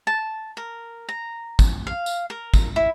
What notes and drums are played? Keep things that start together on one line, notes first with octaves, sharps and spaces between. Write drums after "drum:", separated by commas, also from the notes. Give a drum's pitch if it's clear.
A5
A#4
A#5
drum: kick, tambourine
F5
drum: tambourine
A#4
drum: kick, tambourine
E4